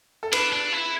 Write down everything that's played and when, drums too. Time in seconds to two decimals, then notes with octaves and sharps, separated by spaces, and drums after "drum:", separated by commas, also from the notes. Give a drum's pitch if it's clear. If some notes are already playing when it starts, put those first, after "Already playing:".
0.23 A4
0.33 D4 B4, drum: cymbal
0.52 D4
0.72 E4